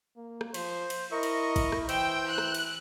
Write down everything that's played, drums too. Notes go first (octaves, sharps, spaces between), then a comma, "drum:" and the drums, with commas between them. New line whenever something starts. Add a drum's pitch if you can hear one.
A#3
drum: rim click
F3 C5, drum: cymbal
drum: cymbal
E4 A#4 D#5 C#6
drum: cymbal
drum: kick, cymbal
drum: rim click
E3 C5 G5 E6 G6, drum: cymbal
F#6
drum: rim click
drum: cymbal